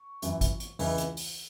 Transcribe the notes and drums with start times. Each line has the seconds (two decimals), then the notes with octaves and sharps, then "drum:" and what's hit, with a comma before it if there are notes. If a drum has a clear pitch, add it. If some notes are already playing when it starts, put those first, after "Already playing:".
Already playing: C#6
0.22 F#2 E3, drum: hi-hat
0.41 drum: kick G#1, hi-hat
0.60 drum: hi-hat
0.79 C#2 C#3 E3, drum: open hi-hat
0.98 drum: hi-hat
1.17 drum: open hi-hat